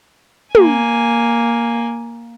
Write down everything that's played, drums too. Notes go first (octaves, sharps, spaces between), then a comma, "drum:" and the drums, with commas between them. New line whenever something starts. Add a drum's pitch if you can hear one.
A#3 G#5, drum: tom